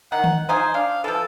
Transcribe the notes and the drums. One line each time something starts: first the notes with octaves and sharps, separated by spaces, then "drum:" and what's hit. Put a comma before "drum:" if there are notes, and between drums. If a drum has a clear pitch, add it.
D#3 F#5
drum: tom D#3
D#4 F4 G#4 C5
D4 F5
E3 F3 A4